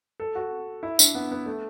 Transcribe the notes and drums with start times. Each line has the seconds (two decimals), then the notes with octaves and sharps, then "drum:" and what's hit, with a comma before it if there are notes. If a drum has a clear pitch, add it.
0.20 A4
0.35 F#4
0.83 E4
0.99 D4, drum: tambourine
1.15 B3
1.31 B3
1.46 A3